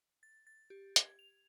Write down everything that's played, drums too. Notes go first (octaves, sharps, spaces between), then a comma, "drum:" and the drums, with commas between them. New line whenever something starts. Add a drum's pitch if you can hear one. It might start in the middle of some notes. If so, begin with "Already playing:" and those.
A6
A6
G4
G#6, drum: hi-hat
F7